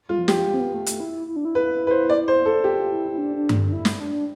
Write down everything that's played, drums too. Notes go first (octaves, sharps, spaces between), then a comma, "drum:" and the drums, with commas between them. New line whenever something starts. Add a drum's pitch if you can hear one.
G3 F4
F3
G4, drum: snare
G3
C4
B3
A3
A3, drum: hi-hat
E4
E4
D4
E4
B4
B4
C5
D5
C5
A4
F4 G4
E4
E4
D4
D4
drum: tom G2
D4
E4
drum: snare
D4